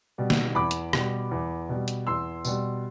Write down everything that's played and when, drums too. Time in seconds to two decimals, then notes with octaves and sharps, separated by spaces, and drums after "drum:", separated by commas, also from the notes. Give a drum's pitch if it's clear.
0.18 B2 G3
0.30 drum: snare
0.55 E2 B5 D6
0.71 drum: hi-hat
0.93 B2 G3, drum: rim click
1.31 E2
1.69 B2 G3
1.88 drum: hi-hat
2.07 E2 C6 E6
2.45 B2 G3, drum: tambourine